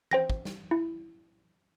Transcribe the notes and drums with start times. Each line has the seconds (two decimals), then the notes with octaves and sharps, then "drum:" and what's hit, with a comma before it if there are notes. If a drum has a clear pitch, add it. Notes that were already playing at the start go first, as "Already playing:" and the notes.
0.11 C5 G5 A#6, drum: tom
0.30 drum: kick
0.45 drum: snare
0.71 E4